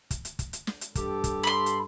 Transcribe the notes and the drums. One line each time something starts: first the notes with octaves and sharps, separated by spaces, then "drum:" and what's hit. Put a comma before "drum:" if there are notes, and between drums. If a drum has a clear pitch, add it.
drum: kick, hi-hat
drum: hi-hat
drum: kick, hi-hat
drum: hi-hat
drum: snare
drum: hi-hat
G2 G4 A4, drum: kick, hi-hat
drum: kick, hi-hat
B5 C6
drum: hi-hat